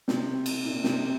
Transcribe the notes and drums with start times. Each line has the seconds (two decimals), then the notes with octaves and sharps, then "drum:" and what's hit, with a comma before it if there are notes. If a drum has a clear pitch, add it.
0.08 C3, drum: snare
0.46 drum: cymbal
0.65 A#2
0.84 C3, drum: snare